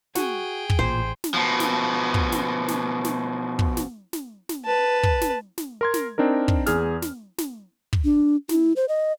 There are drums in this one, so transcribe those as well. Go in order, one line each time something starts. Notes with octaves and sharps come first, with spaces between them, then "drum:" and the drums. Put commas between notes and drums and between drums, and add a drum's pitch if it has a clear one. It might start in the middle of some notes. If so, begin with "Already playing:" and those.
F#4 G#4 G5, drum: snare
drum: kick
A1 A#2 C5
drum: snare
B2 F3
drum: snare
drum: kick
drum: snare
drum: snare
drum: snare
drum: kick
drum: snare
drum: snare
drum: snare
B4 A5
drum: kick
drum: snare
drum: snare
A#4 C6 G#6
drum: snare
C4 D4 D#4 A#4
drum: kick
E2 G#4 F6, drum: snare
drum: snare
drum: snare
drum: kick
D4
E4, drum: snare
C5
D#5